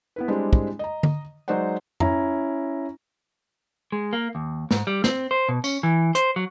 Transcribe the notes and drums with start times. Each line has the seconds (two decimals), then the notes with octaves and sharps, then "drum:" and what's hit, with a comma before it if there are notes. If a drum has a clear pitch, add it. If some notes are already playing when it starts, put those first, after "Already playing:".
0.16 B3 E4 B4
0.28 G3 G#3 C4 D4 E4
0.53 drum: kick
0.79 D#5 A#5
1.03 drum: tom D3
1.48 F#3 G#3 D#4 C5 D5 F#5
2.00 C#4 E4 A#5, drum: tom F2
3.92 G#3
4.13 A#3
4.35 D#2
4.71 G#2, drum: snare
4.87 G3
5.04 C4, drum: snare
5.31 C5
5.49 B2
5.64 C#4, drum: tambourine
5.83 E3
6.15 C5, drum: hi-hat
6.36 F#3